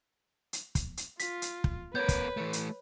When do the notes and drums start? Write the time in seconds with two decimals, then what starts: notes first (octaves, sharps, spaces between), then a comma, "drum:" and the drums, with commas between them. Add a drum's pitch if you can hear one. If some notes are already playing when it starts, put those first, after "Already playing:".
0.53 drum: hi-hat
0.75 drum: kick, hi-hat
0.97 drum: hi-hat
1.20 F4 B6, drum: hi-hat
1.42 drum: hi-hat
1.64 drum: kick
1.95 B3 A#4 B4 C#5 G6
2.09 drum: kick, hi-hat
2.37 E3 A3
2.53 drum: hi-hat